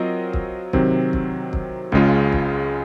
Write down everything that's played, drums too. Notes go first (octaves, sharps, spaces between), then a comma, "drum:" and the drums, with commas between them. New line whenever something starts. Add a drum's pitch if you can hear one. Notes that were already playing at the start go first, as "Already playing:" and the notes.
Already playing: F#3 C4 F4 A#4 D#5
drum: kick
C3 D#3 F#3 C4, drum: kick
drum: kick
drum: kick
C#2 C#3 G#3 C#4 F4, drum: kick
drum: kick